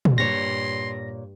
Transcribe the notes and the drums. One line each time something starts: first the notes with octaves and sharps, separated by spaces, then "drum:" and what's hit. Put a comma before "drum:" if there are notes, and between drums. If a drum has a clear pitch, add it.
drum: tom A#2
G2 A#2 C#5 C6 A#6